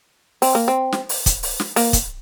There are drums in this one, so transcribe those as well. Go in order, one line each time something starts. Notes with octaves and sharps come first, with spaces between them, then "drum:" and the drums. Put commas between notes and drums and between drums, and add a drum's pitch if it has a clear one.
C4, drum: open hi-hat
A#3
C4
drum: snare
drum: open hi-hat
drum: kick, hi-hat
drum: open hi-hat
drum: snare
A#3, drum: open hi-hat
drum: kick, hi-hat